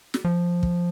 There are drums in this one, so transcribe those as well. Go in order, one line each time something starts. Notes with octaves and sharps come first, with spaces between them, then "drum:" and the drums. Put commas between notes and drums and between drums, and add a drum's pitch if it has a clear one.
drum: snare
F3
drum: kick